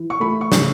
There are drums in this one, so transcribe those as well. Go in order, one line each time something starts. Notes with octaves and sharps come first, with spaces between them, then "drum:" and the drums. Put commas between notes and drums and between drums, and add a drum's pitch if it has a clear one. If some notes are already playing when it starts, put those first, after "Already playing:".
Already playing: E3
C#6
A3 B5
C#6
C#3, drum: snare